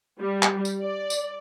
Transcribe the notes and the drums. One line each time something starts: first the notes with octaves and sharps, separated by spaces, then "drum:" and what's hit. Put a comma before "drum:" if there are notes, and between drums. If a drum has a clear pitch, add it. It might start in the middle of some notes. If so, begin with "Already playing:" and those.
G3
drum: clap
drum: tambourine
D5
drum: tambourine